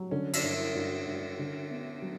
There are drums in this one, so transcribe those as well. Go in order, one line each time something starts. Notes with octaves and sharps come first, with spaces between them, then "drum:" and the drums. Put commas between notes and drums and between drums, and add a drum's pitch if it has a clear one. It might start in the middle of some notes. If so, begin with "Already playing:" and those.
Already playing: F#3
D3 C#4
D4, drum: cymbal
G2
E4
G2 F#4
G2
D3
B3
F#3